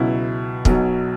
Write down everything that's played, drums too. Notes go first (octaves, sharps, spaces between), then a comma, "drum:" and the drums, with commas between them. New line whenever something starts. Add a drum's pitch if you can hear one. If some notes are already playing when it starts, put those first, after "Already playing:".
Already playing: C#2 B2 F#3 E4
B1 B2 F#3, drum: kick